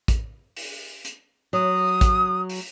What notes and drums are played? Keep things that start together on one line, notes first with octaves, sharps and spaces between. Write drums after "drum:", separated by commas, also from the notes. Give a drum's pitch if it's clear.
drum: kick A1, hi-hat
drum: open hi-hat
drum: hi-hat
F#3 D#6
drum: kick A1, hi-hat
drum: open hi-hat